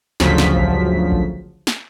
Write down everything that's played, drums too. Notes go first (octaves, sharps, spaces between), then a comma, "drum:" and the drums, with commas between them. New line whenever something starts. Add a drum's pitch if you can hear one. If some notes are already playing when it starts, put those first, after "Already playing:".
G1 D2 C#3 F3 F#3 B6, drum: snare
drum: snare
drum: kick A#1
drum: kick A#1
drum: snare